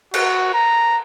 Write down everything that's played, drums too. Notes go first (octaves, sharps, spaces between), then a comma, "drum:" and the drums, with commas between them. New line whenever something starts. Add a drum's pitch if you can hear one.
F#4, drum: cymbal
A#5